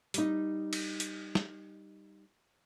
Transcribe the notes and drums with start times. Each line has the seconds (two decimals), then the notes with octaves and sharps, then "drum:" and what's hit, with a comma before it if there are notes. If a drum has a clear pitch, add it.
0.14 G3 D#4, drum: hi-hat
0.73 drum: cymbal
1.00 drum: hi-hat
1.35 drum: snare